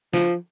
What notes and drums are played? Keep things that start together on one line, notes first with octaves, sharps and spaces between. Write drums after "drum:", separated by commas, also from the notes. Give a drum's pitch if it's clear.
F3, drum: snare